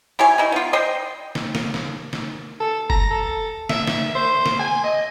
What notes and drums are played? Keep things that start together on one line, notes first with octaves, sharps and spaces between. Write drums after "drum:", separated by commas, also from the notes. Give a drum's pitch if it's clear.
E4 G4 C#5 G#5
D#4 E4
B3 F4
C5 D#5 G5 C6
drum: snare
drum: snare
drum: snare
drum: snare
A4
A#5, drum: kick
A4
E5, drum: snare
drum: snare
C5
drum: snare
G#5
D#5